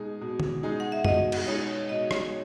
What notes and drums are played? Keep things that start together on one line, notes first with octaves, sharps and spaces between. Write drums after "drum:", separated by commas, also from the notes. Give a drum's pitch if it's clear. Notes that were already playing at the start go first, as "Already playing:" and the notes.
Already playing: B2 G#3 D#4 G#4
B2
drum: tom
G#3 D#4 G#4
F#5
E5
B2 D#5, drum: tom F#2
drum: cymbal
G#3 D#4 G#4 C#5
B2 D#5
C#5, drum: rim click